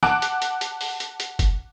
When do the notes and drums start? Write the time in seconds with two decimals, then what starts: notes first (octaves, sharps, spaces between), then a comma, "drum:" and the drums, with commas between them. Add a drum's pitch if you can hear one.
0.03 F#5 A5 D6 F#6 D7, drum: snare
0.22 drum: hi-hat
0.42 drum: hi-hat
0.61 drum: hi-hat
0.81 drum: open hi-hat
1.00 drum: hi-hat
1.20 drum: hi-hat
1.39 drum: kick, hi-hat